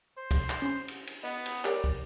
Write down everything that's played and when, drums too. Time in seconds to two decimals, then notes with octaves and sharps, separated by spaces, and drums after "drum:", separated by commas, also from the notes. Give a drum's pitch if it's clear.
0.17 C5
0.31 drum: kick, cymbal
0.50 drum: clap
0.62 C#4 C6
0.88 drum: cymbal
1.07 drum: cymbal
1.23 B3 D#5
1.46 drum: cymbal
1.65 G4 A#4 C#5 D5, drum: clap
1.84 drum: kick